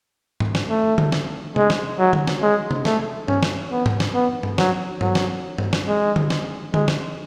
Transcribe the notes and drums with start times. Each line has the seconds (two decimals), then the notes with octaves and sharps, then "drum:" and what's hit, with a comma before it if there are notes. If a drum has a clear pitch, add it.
0.40 drum: tom G#2
0.55 drum: snare
0.69 A3
0.98 drum: tom D3
1.12 drum: snare
1.56 G#3, drum: tom C3
1.70 drum: snare
1.99 F#3
2.13 drum: tom D3
2.27 drum: snare
2.42 G#3
2.71 drum: tom C3
2.85 A3, drum: snare
3.28 C#4, drum: tom G2
3.43 drum: snare
3.71 B3
3.86 drum: tom G#2
4.00 drum: snare
4.14 B3
4.43 drum: tom G2
4.58 F#3, drum: snare
5.01 F#3, drum: tom G2
5.15 drum: snare
5.58 drum: tom G2
5.73 drum: snare
5.87 G#3
6.16 drum: tom D3
6.30 drum: snare
6.74 G#3, drum: tom D3
6.88 drum: snare